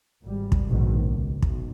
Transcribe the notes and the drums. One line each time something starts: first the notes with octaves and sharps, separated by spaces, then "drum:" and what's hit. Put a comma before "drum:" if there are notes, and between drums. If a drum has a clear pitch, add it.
G#1 G3
drum: kick
A#1 F2 G#2 B2 D#3
C#2
B1, drum: kick